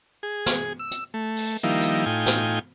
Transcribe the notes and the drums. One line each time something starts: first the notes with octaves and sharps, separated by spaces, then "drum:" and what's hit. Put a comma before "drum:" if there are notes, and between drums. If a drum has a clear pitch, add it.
G#4
drum: snare
E6
drum: hi-hat
A3
drum: open hi-hat
D#3 F3 G3 A#3 D#4 E4
drum: hi-hat
A2 D#4 F4 G5 G#5
drum: snare